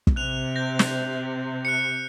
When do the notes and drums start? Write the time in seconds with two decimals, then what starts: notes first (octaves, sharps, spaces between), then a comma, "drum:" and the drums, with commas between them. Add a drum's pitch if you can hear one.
0.07 drum: kick
0.16 C3 F#6 F7
0.56 G6 A#6
0.79 drum: snare
1.65 F#6 C#7